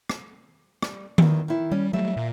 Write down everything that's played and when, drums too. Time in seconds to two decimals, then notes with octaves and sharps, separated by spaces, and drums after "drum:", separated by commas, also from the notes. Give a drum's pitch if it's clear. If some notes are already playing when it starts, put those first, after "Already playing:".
0.09 drum: rim click
0.82 G3, drum: rim click
1.18 E2 D#3, drum: tom D#3
1.48 D#3 E4
1.71 G3 C#4
1.93 F#3 G3 A3 E5
2.16 A#2